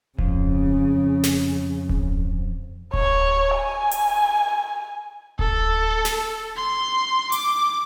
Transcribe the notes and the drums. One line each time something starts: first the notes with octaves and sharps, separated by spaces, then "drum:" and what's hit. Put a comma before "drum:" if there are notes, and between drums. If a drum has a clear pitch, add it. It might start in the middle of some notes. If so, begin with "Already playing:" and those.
F2 C#3, drum: kick D1
drum: snare
drum: kick D1
C#5, drum: kick D1
G#5
drum: hi-hat
A4, drum: kick D1
drum: snare
C6
D6, drum: hi-hat